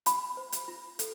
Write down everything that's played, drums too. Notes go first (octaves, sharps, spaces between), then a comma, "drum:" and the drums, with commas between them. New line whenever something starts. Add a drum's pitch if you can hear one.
F4 B5, drum: hi-hat
C5
drum: hi-hat
F4
A4, drum: hi-hat